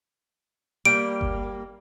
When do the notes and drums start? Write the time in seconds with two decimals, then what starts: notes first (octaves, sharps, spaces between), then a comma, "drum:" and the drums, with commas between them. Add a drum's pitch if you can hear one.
0.85 G3 A#3 D7
1.21 drum: kick G1